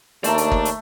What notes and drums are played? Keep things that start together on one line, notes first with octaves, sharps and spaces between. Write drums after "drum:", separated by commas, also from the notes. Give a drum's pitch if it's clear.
D#2 A3 D5 A5 A#5 C6, drum: hi-hat
drum: hi-hat
drum: kick G1
drum: hi-hat